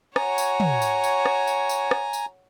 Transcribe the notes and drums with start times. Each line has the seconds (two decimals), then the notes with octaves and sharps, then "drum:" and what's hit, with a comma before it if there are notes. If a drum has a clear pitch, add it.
0.16 F#4 C#5 G#5 A#5, drum: rim click
0.38 drum: tambourine
0.60 drum: tom
0.82 drum: tambourine
1.04 drum: tambourine
1.26 drum: rim click
1.47 drum: tambourine
1.69 drum: tambourine
1.91 drum: rim click
2.13 drum: tambourine